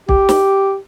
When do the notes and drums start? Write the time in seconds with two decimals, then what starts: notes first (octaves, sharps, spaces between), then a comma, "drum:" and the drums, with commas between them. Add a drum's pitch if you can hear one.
0.09 G4, drum: kick
0.29 drum: snare